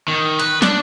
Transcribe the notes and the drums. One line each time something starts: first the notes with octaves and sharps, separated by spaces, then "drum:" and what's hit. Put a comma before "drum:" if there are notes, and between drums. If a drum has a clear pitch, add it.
D#3
B4, drum: cymbal
D4, drum: snare